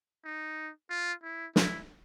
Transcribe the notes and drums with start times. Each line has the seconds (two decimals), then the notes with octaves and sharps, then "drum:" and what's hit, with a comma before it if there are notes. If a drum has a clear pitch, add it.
0.25 D#4
0.90 F4
1.23 E4
1.56 E4, drum: snare